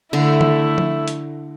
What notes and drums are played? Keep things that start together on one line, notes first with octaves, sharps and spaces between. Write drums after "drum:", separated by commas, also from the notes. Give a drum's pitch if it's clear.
D3 A3 E4, drum: cymbal
drum: tom
drum: tom F3
drum: hi-hat